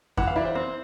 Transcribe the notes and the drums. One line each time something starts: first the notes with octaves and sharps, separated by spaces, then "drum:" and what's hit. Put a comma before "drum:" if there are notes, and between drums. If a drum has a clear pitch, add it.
E3 F#5, drum: kick F2
F5
E4 D5
C5
C4